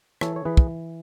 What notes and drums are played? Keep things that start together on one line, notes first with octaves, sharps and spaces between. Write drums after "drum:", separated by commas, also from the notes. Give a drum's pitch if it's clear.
E3 A4 C#5, drum: rim click
C#5
E3 G#4 B4
drum: kick